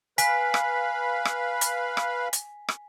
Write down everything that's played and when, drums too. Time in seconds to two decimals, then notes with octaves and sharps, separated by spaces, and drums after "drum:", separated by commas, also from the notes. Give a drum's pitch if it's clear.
0.18 B4 F5 G#5 B5 B6, drum: hi-hat
0.54 drum: rim click
1.25 drum: rim click
1.61 drum: hi-hat
1.97 drum: rim click
2.33 drum: hi-hat
2.69 drum: rim click